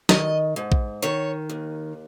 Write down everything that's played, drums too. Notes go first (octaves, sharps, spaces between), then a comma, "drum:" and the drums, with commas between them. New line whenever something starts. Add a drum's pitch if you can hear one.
D#3 D#5, drum: snare
G#2
drum: kick A#1
D#3 C#5
D#2